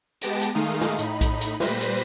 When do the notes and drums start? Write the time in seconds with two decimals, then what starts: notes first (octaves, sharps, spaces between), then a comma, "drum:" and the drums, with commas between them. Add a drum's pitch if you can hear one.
0.21 G#3 B3 G4 A5 A#6 D7, drum: hi-hat
0.41 drum: hi-hat
0.55 D#3 G#3 A3 D#4 F5 D#6
0.81 drum: snare
0.98 A2 D#4 B5, drum: hi-hat
1.21 drum: kick A#1, hi-hat
1.41 drum: hi-hat
1.60 A#2 G3 B4 C5 A#6 B6, drum: snare
1.81 drum: hi-hat